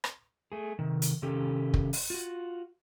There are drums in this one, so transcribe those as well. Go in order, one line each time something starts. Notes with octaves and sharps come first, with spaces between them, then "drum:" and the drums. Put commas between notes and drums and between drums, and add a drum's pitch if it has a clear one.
drum: rim click
A3 G#4
C3 D#3
drum: hi-hat
C3 D#3 C#4 G4 A4
drum: kick
drum: open hi-hat
F4 F#4